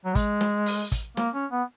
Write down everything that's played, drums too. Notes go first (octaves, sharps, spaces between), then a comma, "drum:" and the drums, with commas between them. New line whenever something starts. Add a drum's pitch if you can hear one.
F#3
G#3, drum: kick, hi-hat
drum: snare
drum: open hi-hat
drum: kick, hi-hat
A#3, drum: snare
C#4
B3